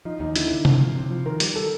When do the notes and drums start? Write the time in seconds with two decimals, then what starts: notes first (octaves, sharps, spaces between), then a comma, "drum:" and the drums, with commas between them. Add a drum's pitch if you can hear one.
0.05 F3 D#4
0.20 D#2 D#4
0.36 D3 E4, drum: hi-hat
0.51 D3
0.65 C3, drum: tom C3
0.81 F3
0.95 C3
1.11 F3
1.26 D#3 A#4
1.40 G3, drum: hi-hat
1.55 A4